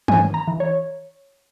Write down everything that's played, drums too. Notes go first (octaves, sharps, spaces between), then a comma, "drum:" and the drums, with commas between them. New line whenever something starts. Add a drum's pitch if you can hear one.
G#2 G#5, drum: tom D#3
A#5
E3
C#5